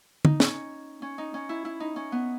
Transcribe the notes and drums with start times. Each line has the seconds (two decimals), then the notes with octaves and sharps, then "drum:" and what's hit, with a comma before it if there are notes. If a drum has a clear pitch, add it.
0.25 D#4, drum: tom
0.40 C#4, drum: snare
1.02 C#4
1.18 D#4
1.34 C#4
1.49 E4
1.65 E4
1.80 D#4
1.96 C#4
2.12 B3